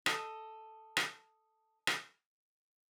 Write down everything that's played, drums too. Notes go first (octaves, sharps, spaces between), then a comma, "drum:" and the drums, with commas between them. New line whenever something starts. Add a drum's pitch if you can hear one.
A4 D#5, drum: rim click
drum: rim click
drum: rim click